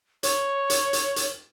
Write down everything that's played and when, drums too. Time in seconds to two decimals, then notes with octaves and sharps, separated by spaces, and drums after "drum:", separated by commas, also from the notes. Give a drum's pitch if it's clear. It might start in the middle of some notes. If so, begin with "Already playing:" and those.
0.23 C#5, drum: hi-hat
0.70 drum: hi-hat
0.93 drum: hi-hat
1.16 drum: hi-hat